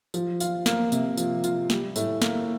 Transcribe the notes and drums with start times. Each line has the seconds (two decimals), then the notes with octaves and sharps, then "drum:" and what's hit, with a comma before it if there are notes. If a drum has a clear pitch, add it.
0.14 F3, drum: tambourine
0.40 F4, drum: tambourine
0.66 A#3, drum: snare
0.92 C3, drum: tambourine
1.17 F3, drum: tambourine
1.44 F4, drum: tambourine
1.70 G3, drum: snare
1.96 A2, drum: tambourine
2.22 A#3, drum: snare